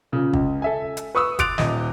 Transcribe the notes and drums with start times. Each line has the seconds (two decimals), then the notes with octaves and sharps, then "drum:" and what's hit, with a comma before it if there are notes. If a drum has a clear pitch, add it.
0.12 A#2 C#3
0.33 C#2, drum: kick
0.62 A4 E5 G#5
0.97 drum: hi-hat
1.15 B4 C#6 D#6 E6
1.39 C6 D6 F#6 A6 D7 F7, drum: kick, hi-hat
1.58 D#1 D#5, drum: snare